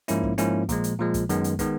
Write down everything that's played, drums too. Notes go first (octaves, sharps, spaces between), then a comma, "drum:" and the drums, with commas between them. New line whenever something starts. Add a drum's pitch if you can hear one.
G#2 F3 A#3 C#4 E4, drum: hi-hat
drum: kick
G#2 F3 A#3 C#4 E4, drum: hi-hat
A#2 F3 G#3, drum: kick, hi-hat
drum: hi-hat
A#2 F3 G#3
drum: kick, hi-hat
F#2 D#3 G#3 B3, drum: hi-hat
drum: hi-hat
D#3 G#3 B3, drum: kick, hi-hat